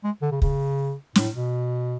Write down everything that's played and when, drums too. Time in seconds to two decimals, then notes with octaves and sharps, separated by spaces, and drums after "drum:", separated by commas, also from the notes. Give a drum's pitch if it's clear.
0.04 G#3
0.22 D3
0.31 C#3
0.42 C#3, drum: kick
1.15 A2, drum: snare
1.34 B2